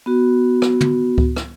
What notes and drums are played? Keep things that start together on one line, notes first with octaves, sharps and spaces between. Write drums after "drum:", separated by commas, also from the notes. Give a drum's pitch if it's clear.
B3 F#4
drum: rim click
drum: tom
drum: kick C#2
drum: rim click